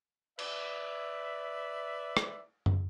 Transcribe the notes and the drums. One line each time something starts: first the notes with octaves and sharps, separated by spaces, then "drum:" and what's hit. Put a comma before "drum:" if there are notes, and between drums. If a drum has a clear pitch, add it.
B4 D5 E5, drum: cymbal
drum: rim click
drum: tom F#2